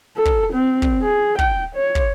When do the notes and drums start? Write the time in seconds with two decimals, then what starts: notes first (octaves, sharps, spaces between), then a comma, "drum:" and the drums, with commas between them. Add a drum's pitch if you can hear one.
0.16 A4
0.25 drum: kick
0.53 C4
0.82 drum: kick
1.02 G#4
1.39 G5, drum: kick
1.75 C#5
1.95 drum: kick